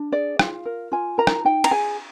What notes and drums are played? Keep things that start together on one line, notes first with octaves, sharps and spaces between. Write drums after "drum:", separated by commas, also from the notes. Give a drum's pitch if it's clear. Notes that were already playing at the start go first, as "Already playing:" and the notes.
Already playing: D4
G#4 D5
F4 F5, drum: rim click
A#4
F4 G#5
A#4 A#5
drum: rim click
D#4 G5
A#5, drum: cymbal
G#4 G#5